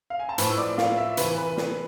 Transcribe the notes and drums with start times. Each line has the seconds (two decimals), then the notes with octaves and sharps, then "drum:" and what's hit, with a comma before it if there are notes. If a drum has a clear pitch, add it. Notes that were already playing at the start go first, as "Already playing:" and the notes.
0.10 F5
0.19 G#5
0.29 A5
0.38 A2 F3 B4 B5, drum: hi-hat
0.50 E6
0.58 D5 D6
0.78 F4 F5, drum: snare
0.98 E5
1.17 C3 E3 B4 B5, drum: hi-hat
1.37 B4 B5
1.57 drum: snare